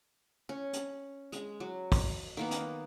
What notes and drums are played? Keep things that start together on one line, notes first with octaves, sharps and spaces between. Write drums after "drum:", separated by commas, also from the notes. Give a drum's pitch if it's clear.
C#4
drum: hi-hat
G#3, drum: hi-hat
F#3
drum: kick, open hi-hat
D#3 A#3 B3
drum: hi-hat